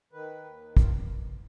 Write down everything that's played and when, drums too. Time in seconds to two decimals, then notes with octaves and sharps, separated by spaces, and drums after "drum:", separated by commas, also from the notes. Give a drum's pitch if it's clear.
0.13 D#3 B4
0.45 D#2
0.77 F4, drum: kick